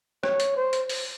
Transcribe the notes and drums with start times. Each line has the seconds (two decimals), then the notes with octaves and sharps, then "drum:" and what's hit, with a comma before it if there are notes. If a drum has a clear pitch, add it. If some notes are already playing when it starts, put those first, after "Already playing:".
0.23 C#5, drum: rim click
0.40 drum: hi-hat
0.56 C5
0.73 drum: hi-hat
0.89 drum: open hi-hat